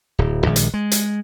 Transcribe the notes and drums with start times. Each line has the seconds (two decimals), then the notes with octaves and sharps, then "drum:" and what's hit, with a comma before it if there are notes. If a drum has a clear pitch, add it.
0.19 D1
0.46 A#1 D#3 G3 G#3
0.56 drum: hi-hat
0.74 G#3
0.92 drum: hi-hat